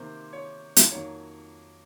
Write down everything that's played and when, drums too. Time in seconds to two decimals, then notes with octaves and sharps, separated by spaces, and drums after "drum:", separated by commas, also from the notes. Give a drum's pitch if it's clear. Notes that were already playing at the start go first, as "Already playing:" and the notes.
Already playing: C3 D#3 A#3 C5
0.33 C#5
0.76 drum: hi-hat
0.91 F2 D#3 F#3 A#3 C#5